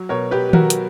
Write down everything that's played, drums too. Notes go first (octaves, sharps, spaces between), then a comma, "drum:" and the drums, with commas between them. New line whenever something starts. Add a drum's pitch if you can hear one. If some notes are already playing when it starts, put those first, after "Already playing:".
Already playing: F#3
B2 A#4 C#5
B2 G4 B4
G4
F#3 F#4 A#4, drum: tom D#3
drum: hi-hat